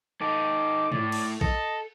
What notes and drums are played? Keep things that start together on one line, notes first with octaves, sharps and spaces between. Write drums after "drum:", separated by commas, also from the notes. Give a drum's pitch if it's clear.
D#4 A4 D6
A2 D5, drum: tom G#2
drum: cymbal
A4 D#5, drum: kick A#1